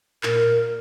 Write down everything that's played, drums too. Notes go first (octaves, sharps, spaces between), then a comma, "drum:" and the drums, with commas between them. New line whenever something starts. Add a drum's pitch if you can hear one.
A#2 A#4, drum: clap